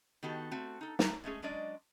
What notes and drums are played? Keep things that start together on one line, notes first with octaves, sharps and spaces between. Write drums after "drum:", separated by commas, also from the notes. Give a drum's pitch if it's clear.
D#3 B3 F#4 G4 A4
A3 C4 F#4
D#4 A4
A3 A#5, drum: snare
G#3 A3 C#4 G#4
F#3 G#3 C#4 D4 D5 D#5